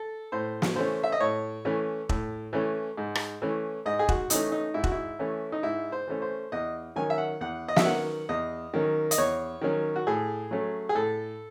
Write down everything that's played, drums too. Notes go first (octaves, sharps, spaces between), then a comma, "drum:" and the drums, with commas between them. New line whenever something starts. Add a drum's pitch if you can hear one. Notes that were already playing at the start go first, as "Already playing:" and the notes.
Already playing: A4
A2 C5
drum: snare
E3 A3 C#4 C5
E5
D#5
A2 C#5
E3 A3 C#4
A2, drum: kick E1
E3 A3 C#4
G#2
drum: rim click
E3 A3 C#4
G#2 D#5
G#4
F#4, drum: kick E1
E3 A3 C#4 D#4, drum: hi-hat
D#4
G#2 E4
F#4, drum: kick E1
E4
E3 A3 C#4
D#4
G#2 E4
C5
E3 A3 C#4
C5
E2 D#5
D#3 F#3 C#4 G#5
E5
F#5
E2 F#5
D#5
E5, drum: snare
D#3 F#3 C#4 F#5
E2 D#5
D#3 F#3 C#4
D#5, drum: hi-hat
E2 C#5
D#3 F#3 C#4
F#4
A2 G#4
F#3 A3 C#4
G#4
A2 A4